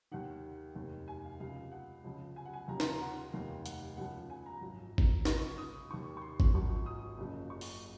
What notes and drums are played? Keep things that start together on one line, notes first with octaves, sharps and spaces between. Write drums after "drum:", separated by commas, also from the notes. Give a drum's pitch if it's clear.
D#2 D#3 F#5
F1 D#2 D#3
G#5
F5
C#2 C3 F3 F5
F#5
C#2 C#3 F3
G#5
F#5
G#5
D#2 C#3 F3 A#5
C6, drum: snare
A#5
F#5
F1 D#2 D#3 F5
F#5, drum: hi-hat
C#2 C#3 F3 F#5
G#5
A#5
G#1 F#2 F3
drum: kick G#1
C#2 C3 F3 C#6, drum: snare
D#6
D#2 D#3 C#6
C#6
C6
drum: kick G#1
G#1 F#2 F3 C#6
D#6
F#1 F#2 C#3 F3
C#6
drum: open hi-hat